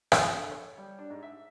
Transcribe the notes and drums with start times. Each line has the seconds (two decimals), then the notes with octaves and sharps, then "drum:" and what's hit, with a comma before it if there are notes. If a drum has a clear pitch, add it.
0.12 C5, drum: rim click
0.36 D3
0.51 C#5
0.78 G3
0.99 D4
1.10 G#2
1.23 E5